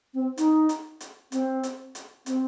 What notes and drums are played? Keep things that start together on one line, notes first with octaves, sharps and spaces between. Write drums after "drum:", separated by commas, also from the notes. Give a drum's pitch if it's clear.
C4
D#4, drum: hi-hat
drum: hi-hat
drum: hi-hat
C4, drum: hi-hat
drum: hi-hat
drum: hi-hat
C4, drum: hi-hat